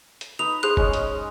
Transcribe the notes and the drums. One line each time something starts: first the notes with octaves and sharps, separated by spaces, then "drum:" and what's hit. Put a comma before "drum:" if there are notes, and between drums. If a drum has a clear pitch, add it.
drum: hi-hat
D#4 B4 D#5 F7
G#4 C5 F#6
G#3 C#4, drum: kick F#1
drum: hi-hat